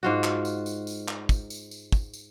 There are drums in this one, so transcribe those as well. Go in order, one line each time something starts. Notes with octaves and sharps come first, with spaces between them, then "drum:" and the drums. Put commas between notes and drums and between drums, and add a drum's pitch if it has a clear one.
G#2 F4 F#4
drum: clap
drum: tambourine
drum: tambourine
drum: tambourine
drum: clap
drum: kick, tambourine
drum: tambourine
drum: tambourine
drum: kick, tambourine
drum: tambourine